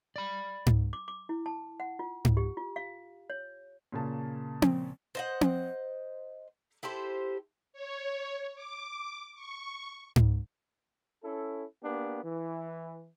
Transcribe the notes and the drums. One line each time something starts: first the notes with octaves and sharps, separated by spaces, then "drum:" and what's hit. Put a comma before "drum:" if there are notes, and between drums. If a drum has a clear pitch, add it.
D5 B5
drum: tom G#2
D6
D6
E4
A5
F#5
F4
drum: tom G#2
G4
F4
F5
C#5
A#2 C#3 A#3 A5
drum: tom C4
C5 D#5 F#5
drum: tom C4
E4 G4 A4 C5
C#5
D6
C#6
drum: tom G#2
C#4 E4 A4
A#3 B3 D4 G4
E3